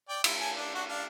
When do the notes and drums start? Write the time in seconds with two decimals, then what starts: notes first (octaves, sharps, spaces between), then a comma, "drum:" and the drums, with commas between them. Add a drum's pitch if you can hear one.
0.09 D5 G5
0.24 E4 F4, drum: cymbal
0.40 G#5 A5
0.57 D4
0.75 D4 F#4
0.89 D4 F5